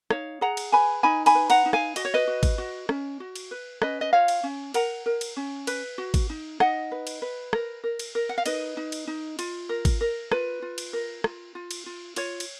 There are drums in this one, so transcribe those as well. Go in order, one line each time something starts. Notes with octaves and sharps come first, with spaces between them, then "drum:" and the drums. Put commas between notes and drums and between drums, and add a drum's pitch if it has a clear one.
D#4 C#5 F5, drum: rim click
G#4 F#5 A#5
drum: cymbal
B4 G#5 B5
D#4 G#5 B5
G#5 B5, drum: cymbal
B4
F#5 A#5, drum: cymbal
D#4
F5 G#5, drum: rim click
F#4 D#5, drum: cymbal
C#5
B4 D#5
F#4
drum: kick G#1, cymbal
F#4
C#4, drum: rim click
F#4
drum: cymbal
B4
C#4 B4 D#5, drum: rim click
D#5
F4 C#5 F5
drum: cymbal
C#4
A#4 F#5 A#5, drum: cymbal
A#4
drum: cymbal
C#4
B4, drum: cymbal
F#4
drum: kick G#1, cymbal
D#4
D#4 D#5 F#5, drum: rim click
B4
drum: cymbal
B4
A#4, drum: rim click
A#4
drum: cymbal
A#4
F#5
F5
D#4 B4 D#5, drum: cymbal
D#4
drum: cymbal
D#4
F4, drum: cymbal
A#4
drum: kick G#1, cymbal
A#4
F4 B4, drum: rim click
F4
drum: cymbal
A#4
F4, drum: rim click
F4
drum: cymbal
F4
F4 C#5, drum: cymbal
drum: cymbal